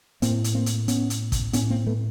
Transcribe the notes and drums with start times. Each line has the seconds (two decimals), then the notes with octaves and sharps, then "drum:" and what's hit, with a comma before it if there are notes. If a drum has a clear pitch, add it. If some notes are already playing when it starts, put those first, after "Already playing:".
0.22 A2 A#3 C4, drum: hi-hat
0.44 drum: hi-hat
0.55 A#3 C4
0.66 drum: hi-hat
0.88 B3 C#4, drum: hi-hat
1.10 drum: hi-hat
1.32 drum: kick, hi-hat
1.53 A2 B3 C#4, drum: hi-hat
1.70 A#3 C4
1.87 A3 B3